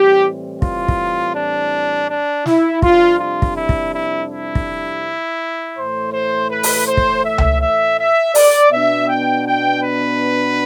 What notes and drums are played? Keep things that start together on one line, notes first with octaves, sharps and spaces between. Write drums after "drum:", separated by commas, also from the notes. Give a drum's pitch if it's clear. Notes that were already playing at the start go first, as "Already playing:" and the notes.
Already playing: A2 E3 G3 C4 G4
F4, drum: kick
drum: kick
D4
D4
E4, drum: snare
F2 C3 G3 D4 F4, drum: kick
F4
drum: kick
E4
drum: kick
E4
E4
drum: kick
A2 E3 A3 C5
C5
B4
drum: open hi-hat
C5
drum: kick
E5
drum: tom C#2
E5
E5
D5, drum: open hi-hat
B2 B3 D4 E5
G5
G5
B4